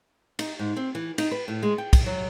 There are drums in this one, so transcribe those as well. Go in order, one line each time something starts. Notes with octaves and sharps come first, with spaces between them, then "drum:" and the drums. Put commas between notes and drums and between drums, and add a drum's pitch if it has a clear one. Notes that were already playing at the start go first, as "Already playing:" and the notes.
D#4, drum: cymbal
G#2
C4
E3
D#4, drum: cymbal
B4
A2
G#3
G5
drum: kick, cymbal
F#3